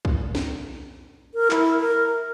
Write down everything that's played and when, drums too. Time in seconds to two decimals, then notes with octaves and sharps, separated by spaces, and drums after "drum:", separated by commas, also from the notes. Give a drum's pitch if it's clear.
0.05 drum: kick
0.35 drum: snare
1.34 A#4
1.51 E4, drum: clap
1.80 A#4